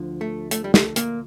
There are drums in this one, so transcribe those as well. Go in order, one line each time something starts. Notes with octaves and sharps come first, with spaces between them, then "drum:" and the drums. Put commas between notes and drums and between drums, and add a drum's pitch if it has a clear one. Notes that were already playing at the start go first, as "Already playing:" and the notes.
Already playing: D2 D3 F3
A3
A3, drum: hi-hat
G3
A3, drum: snare
A#2 A#3, drum: hi-hat